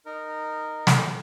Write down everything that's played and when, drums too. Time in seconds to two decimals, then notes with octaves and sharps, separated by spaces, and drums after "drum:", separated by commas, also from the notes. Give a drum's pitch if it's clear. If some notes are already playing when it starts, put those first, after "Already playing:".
0.06 D#4 A#4
0.87 drum: snare